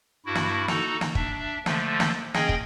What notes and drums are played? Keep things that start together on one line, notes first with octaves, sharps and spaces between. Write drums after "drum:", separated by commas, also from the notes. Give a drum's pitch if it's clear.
G2 E4 F#4
drum: snare
D#4 F#4 A4 A#5, drum: snare
drum: snare
D4 E5, drum: kick
D3 F3 A3, drum: snare
drum: snare
C#4 G#4 D#5 G5 G#6 A#6, drum: snare
drum: kick